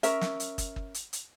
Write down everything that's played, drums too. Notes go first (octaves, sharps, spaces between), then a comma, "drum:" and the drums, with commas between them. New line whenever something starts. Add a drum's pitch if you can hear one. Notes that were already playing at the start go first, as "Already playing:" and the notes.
C#4 A#4 E5, drum: hi-hat
drum: snare
drum: hi-hat
drum: kick, hi-hat
drum: kick
drum: hi-hat
drum: hi-hat